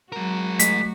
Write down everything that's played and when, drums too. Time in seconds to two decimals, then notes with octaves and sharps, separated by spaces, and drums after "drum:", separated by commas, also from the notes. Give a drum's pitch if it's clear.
0.12 F#3 G#3 F#4 A#4
0.59 A3 B6, drum: hi-hat